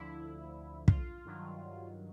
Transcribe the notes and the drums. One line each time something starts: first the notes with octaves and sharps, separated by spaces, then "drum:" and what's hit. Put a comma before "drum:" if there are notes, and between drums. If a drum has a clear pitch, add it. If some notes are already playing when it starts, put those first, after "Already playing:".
Already playing: D2 D3 F3 E4
F4, drum: kick
G2 D#3 F#3